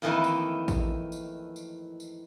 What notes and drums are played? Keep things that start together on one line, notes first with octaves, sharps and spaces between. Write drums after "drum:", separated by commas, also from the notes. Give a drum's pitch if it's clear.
F2 A2 D#3 E3 A#3 E4
drum: tambourine
drum: kick A1, tambourine
drum: tambourine
drum: tambourine
drum: tambourine